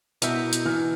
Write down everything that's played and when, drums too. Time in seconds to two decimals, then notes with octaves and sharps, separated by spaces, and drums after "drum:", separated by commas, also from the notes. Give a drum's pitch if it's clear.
0.22 B2 E4 A#4 E5 G6, drum: hi-hat
0.53 drum: hi-hat
0.65 E3 F6